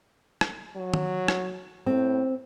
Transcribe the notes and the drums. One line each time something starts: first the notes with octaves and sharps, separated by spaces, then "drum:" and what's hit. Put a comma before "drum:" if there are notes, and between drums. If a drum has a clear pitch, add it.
drum: rim click
F#3
drum: tom
drum: rim click
A2 C4